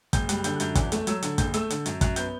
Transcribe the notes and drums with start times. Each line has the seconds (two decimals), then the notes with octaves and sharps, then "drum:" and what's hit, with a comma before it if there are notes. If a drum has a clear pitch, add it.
0.13 F#1 G6, drum: kick, hi-hat
0.29 G3 F#6, drum: hi-hat
0.44 D3 G6, drum: hi-hat
0.56 F#6
0.60 F#2 G6, drum: hi-hat
0.75 E2 F#6, drum: kick, hi-hat
0.92 A3, drum: hi-hat
1.07 F#3 E6, drum: hi-hat
1.23 D3, drum: hi-hat
1.38 F#1 G6, drum: kick, hi-hat
1.54 A3 E6, drum: hi-hat
1.70 D3, drum: hi-hat
1.86 F#2, drum: hi-hat
2.01 F#2 F#6, drum: kick, hi-hat
2.16 B3 G6, drum: hi-hat